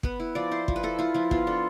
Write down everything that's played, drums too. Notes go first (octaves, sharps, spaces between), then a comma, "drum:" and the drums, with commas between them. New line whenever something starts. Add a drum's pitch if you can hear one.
B3 B4, drum: kick
E4
F3 D5
E4 C5
F3, drum: kick
B4
E4 A4
E4 F4
F3 E4
B3 F4, drum: kick
D4 A4